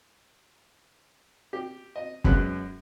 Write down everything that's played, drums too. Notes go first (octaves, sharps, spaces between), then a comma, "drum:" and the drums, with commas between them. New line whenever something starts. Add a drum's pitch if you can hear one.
G4
D#5
F#2 F#3 G#3 B3 C#4 F#6, drum: kick